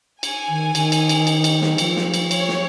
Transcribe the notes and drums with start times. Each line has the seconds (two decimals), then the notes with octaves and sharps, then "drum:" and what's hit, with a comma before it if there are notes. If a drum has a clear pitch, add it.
0.23 G#5, drum: cymbal
0.49 D#3
0.75 D#3, drum: cymbal
0.92 drum: cymbal
1.09 drum: cymbal
1.27 drum: cymbal
1.44 drum: cymbal
1.62 drum: snare
1.78 F3, drum: cymbal
1.96 drum: snare
2.14 drum: cymbal
2.31 C#5, drum: cymbal
2.48 drum: snare